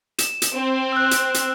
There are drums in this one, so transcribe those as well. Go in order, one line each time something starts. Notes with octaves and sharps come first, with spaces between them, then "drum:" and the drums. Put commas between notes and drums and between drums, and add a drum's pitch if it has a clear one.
E7, drum: hi-hat
drum: hi-hat
C4
E6 F#6
drum: hi-hat
drum: hi-hat